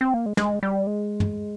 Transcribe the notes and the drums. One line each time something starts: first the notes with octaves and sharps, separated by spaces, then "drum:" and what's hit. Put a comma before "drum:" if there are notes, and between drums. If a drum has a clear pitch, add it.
C4
A#3
G#3
G#3, drum: snare
G3
G#3
drum: tom G2